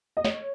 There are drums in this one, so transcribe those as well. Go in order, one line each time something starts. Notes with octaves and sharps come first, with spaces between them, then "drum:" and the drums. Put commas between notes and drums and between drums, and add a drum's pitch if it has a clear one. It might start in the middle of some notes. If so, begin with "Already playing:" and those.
D#5
C#5, drum: snare